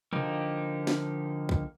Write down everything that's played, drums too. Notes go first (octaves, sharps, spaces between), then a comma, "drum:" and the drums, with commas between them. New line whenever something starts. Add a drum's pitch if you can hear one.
D3 F3 A#3 D#4 G4, drum: tom
drum: snare
drum: kick